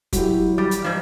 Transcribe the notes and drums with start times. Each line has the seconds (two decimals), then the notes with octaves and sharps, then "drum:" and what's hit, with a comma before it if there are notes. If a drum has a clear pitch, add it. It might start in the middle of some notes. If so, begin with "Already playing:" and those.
0.13 F#3 E4 G4, drum: kick F1, hi-hat
0.58 G3 D6
0.71 drum: hi-hat
0.84 G#2 F3